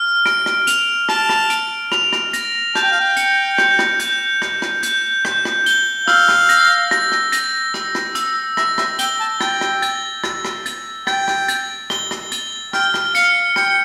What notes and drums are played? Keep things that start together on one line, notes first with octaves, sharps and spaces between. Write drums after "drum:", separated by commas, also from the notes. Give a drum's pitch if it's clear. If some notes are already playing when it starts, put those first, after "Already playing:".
Already playing: F6
D7, drum: rim click
drum: rim click
F7, drum: hi-hat
A5 F6, drum: rim click
drum: rim click
D7, drum: hi-hat
F7, drum: rim click
drum: rim click
A#6, drum: hi-hat
A5 G6, drum: rim click
G5
F5
G5
C#7, drum: hi-hat
G6, drum: rim click
drum: rim click
G6, drum: hi-hat
G6, drum: rim click
drum: rim click
G6, drum: hi-hat
G6, drum: rim click
drum: rim click
G7, drum: hi-hat
F5 E6, drum: rim click
drum: rim click
A#6, drum: hi-hat
A#6, drum: rim click
drum: rim click
A#6, drum: hi-hat
E6, drum: rim click
drum: rim click
E6, drum: hi-hat
E5 A#6, drum: rim click
E5, drum: rim click
G5 G7, drum: hi-hat
A5
G5 A6, drum: rim click
drum: rim click
A6, drum: hi-hat
A6, drum: rim click
drum: rim click
A6, drum: hi-hat
G5 A6, drum: rim click
drum: rim click
A6, drum: hi-hat
G7, drum: rim click
drum: rim click
A6, drum: hi-hat
G5 F6, drum: rim click
drum: rim click
F5 C#7, drum: hi-hat
G5 C#7, drum: rim click